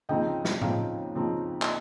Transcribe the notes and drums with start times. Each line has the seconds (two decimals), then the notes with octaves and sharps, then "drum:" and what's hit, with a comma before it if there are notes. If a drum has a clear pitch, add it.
0.09 D#2 C#3 F3 C4 D#4 D#5 G5
0.45 drum: snare
0.61 D#2 C#3 F3 C4 D#4 C#5 F5, drum: tom A2
1.14 D#2 C#3 F3 C4 D#4
1.62 D#5, drum: clap